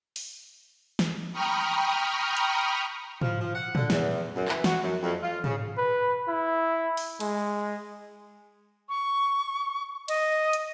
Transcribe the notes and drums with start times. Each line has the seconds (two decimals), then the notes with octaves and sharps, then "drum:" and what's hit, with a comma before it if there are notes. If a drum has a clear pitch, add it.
0.16 drum: open hi-hat
0.99 drum: snare
1.33 G5 A#5 B5 C#6 D#6 F6
2.37 drum: hi-hat
3.22 F3, drum: tom
3.41 F3
3.55 F#5
3.75 D3, drum: tom
3.90 E2, drum: snare
4.36 F#2
4.48 E3, drum: clap
4.64 F#4, drum: snare
4.81 F#2
5.02 F2
5.22 F4
5.44 C#3, drum: tom
5.78 B4
6.28 E4
6.97 drum: open hi-hat
7.20 G#3, drum: cymbal
8.89 C#6
10.08 D#5, drum: cymbal
10.53 drum: hi-hat